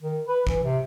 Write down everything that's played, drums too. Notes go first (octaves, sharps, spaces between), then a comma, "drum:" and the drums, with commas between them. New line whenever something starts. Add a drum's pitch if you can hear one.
D#3
B4
E3, drum: kick
C3